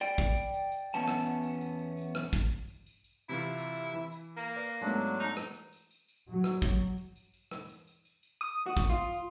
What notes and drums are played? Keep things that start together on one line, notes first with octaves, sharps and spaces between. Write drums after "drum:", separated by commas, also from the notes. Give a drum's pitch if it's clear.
D5 G5
drum: kick, tambourine
drum: tambourine
drum: tambourine
drum: tambourine
E2 B3 C#4 A5
drum: rim click
drum: tambourine
drum: tambourine
drum: tambourine
drum: tambourine
drum: tambourine
drum: rim click
drum: kick, tambourine
drum: tambourine
drum: tambourine
drum: tambourine
drum: tambourine
C3 E3 E4 F4
drum: tambourine
drum: tambourine
drum: tambourine
E3
drum: tambourine
A#3
B4 D5 F5
drum: tambourine
G#2 F#3 A3 B3 D4, drum: tambourine
D#4, drum: tambourine
drum: rim click
drum: tambourine
drum: tambourine
drum: tambourine
drum: tambourine
F#3
drum: rim click
drum: kick, tambourine
drum: tambourine
drum: tambourine
drum: tambourine
drum: rim click
drum: tambourine
drum: tambourine
drum: tambourine
drum: tambourine
D#6, drum: tambourine
F#4
drum: kick, tambourine
F4
drum: tambourine